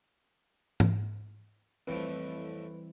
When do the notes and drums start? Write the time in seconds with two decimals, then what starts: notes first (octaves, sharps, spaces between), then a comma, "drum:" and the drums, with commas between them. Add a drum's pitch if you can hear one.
0.80 drum: tom
1.87 F2 A2 E3 F3 G3 C4 B4